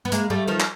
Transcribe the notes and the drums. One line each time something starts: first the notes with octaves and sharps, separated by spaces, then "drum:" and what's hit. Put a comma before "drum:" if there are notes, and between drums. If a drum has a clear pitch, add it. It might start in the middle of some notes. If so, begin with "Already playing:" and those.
B3
G#3 A#3, drum: hi-hat
G3 A3
D#3 F3
drum: clap